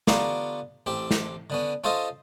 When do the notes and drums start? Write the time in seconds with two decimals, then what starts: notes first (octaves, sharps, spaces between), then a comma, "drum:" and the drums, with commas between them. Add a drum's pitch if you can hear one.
0.07 D3 B3 F4 G4 A#5 C#6, drum: snare
0.86 A1 C4 G4
1.11 drum: snare
1.50 D3 B3 C#4
1.84 C#4 F4 A4 C5 D#5